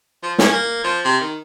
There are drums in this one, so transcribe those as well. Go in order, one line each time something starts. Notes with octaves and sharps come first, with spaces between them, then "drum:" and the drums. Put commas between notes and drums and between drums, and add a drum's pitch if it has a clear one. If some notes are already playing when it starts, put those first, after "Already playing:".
F3
C#4, drum: snare
A#3
F3
C3
D#3